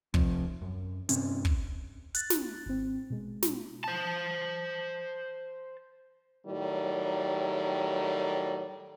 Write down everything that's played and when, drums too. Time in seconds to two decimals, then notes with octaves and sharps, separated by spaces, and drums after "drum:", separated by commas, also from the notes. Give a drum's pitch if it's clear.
0.14 C3 F3 C4, drum: kick
0.62 F#2
1.09 G2 C3 C4 C#4, drum: hi-hat
1.45 drum: kick
2.14 F#6 A6, drum: hi-hat
2.30 drum: snare
2.66 G#1 C4
3.10 B2 G#3
3.42 drum: snare
3.84 C5 A5
6.47 A2 D#3 F#3 G3